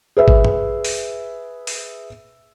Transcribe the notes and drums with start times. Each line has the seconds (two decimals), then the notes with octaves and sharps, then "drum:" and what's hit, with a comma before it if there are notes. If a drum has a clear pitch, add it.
0.17 G#4 B4 E5
0.28 drum: kick G#1
0.45 drum: tom
0.85 drum: open hi-hat
1.67 drum: open hi-hat